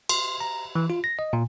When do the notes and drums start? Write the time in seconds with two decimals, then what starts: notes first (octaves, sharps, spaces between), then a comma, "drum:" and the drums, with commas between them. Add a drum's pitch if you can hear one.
0.09 C6, drum: cymbal
0.41 A#5
0.75 E3
0.90 F4
1.04 A#6
1.19 D#5
1.33 A#2